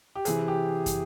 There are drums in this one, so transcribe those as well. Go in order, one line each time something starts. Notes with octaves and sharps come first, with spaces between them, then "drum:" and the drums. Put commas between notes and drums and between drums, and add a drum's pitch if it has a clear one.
G4
C3 E3 G#4, drum: hi-hat
G4
drum: kick, hi-hat